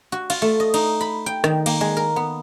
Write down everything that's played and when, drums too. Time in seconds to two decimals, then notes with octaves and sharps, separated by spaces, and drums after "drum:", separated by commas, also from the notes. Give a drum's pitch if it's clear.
0.12 F#4
0.30 F4, drum: cymbal
0.42 A3
0.60 D#5
0.74 D#4, drum: cymbal
1.01 B5
1.26 G5
1.44 D#3, drum: rim click
1.66 A#3, drum: cymbal
1.81 G#3
1.97 A#4
2.16 B3